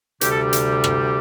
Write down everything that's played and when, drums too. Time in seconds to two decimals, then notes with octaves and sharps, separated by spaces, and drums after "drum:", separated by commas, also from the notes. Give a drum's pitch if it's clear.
0.21 D2 C3 G3 G4, drum: hi-hat
0.31 A4
0.41 G4
0.53 drum: hi-hat
0.84 drum: rim click